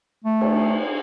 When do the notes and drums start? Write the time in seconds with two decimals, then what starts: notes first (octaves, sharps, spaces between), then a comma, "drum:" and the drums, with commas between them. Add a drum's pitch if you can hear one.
0.24 A3
0.41 drum: cymbal